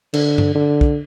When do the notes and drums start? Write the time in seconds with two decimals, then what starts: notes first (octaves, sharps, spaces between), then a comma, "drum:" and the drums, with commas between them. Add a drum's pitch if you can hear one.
0.14 D3, drum: cymbal
0.38 drum: tom G2
0.55 D3
0.81 drum: kick